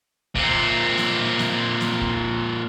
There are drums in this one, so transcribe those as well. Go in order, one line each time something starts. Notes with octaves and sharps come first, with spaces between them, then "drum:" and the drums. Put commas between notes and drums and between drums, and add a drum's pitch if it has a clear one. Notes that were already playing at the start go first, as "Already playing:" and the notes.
A#2 C4, drum: kick
drum: snare
drum: snare
drum: snare
drum: kick